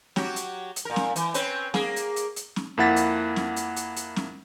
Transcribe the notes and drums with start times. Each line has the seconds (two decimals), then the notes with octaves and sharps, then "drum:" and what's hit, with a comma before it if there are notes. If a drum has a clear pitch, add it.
0.16 F#3 F#4 G4, drum: snare
0.36 drum: hi-hat
0.76 drum: hi-hat
0.85 A#2 A#4
0.96 drum: snare
1.16 E3, drum: hi-hat
1.34 C4 C#4 B4, drum: hi-hat
1.74 A#3 G#4, drum: snare
1.96 drum: hi-hat
2.16 drum: hi-hat
2.36 drum: hi-hat
2.56 drum: snare
2.77 F2 A#3 E4 F#5 A6 B6
2.96 drum: hi-hat
3.36 drum: snare
3.56 drum: hi-hat
3.76 drum: hi-hat
3.96 drum: hi-hat
4.16 drum: snare